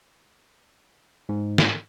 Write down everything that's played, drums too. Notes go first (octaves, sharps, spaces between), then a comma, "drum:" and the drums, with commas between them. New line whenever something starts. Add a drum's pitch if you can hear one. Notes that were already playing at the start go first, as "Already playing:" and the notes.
G#2
drum: snare